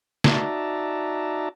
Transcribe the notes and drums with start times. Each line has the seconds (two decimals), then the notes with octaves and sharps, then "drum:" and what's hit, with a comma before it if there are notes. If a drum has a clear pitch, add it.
0.24 D#4 F#4 D5 E5 A5 A#5, drum: snare